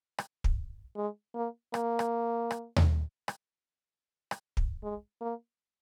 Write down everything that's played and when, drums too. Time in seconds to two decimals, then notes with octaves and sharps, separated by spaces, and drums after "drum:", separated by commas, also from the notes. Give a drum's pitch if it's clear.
0.18 drum: rim click
0.44 drum: kick
0.96 G#3
1.35 A#3
1.74 A#3, drum: rim click
1.99 drum: rim click
2.51 drum: rim click
2.76 drum: tom D#2
3.28 drum: rim click
4.31 drum: rim click
4.57 drum: kick
4.83 G#3
5.21 A#3